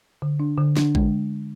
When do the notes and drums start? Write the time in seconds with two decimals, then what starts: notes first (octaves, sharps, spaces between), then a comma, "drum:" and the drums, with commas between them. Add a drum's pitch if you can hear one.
0.22 D3
0.40 D4
0.58 D3
0.77 D4, drum: snare
0.95 G#3, drum: kick A#1